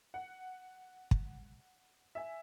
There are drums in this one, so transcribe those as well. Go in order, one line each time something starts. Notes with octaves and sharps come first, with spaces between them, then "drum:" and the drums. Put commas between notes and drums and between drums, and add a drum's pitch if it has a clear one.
F#5
drum: kick
E5 G#5